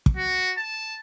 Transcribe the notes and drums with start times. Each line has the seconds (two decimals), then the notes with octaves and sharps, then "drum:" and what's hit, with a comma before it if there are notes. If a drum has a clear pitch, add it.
0.06 drum: kick
0.17 F#4
0.57 A5